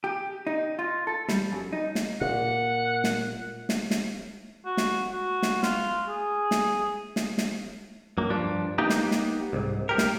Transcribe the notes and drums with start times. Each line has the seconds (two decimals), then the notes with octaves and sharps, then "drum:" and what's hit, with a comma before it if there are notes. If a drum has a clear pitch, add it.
0.04 G4
0.47 D#4
0.79 F4
1.07 A4
1.29 G3, drum: snare
1.52 F#2
1.73 D#4
1.95 drum: snare
2.21 A#2 F#5
3.04 drum: snare
3.69 drum: snare
3.91 drum: snare
4.65 F#4
4.77 drum: snare
5.12 F#4
5.42 drum: snare
5.63 F4, drum: snare
6.08 G#4
6.51 drum: snare
7.16 drum: snare
7.38 drum: snare
8.18 F#2 A#3
8.30 G2 F3 D4
8.78 A#3 B3 D#4 G4
8.90 drum: snare
9.11 drum: snare
9.53 C2 G#2
9.89 B1 G4 A#4
9.98 drum: snare